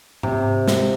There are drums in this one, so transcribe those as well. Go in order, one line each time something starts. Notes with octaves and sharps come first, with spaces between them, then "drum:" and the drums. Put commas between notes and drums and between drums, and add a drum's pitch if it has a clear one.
C3, drum: tom G#2
drum: snare